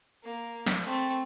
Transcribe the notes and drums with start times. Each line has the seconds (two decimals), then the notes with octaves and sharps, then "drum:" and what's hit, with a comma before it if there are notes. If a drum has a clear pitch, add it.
0.23 A#3
0.66 drum: snare
0.84 A3 C4, drum: open hi-hat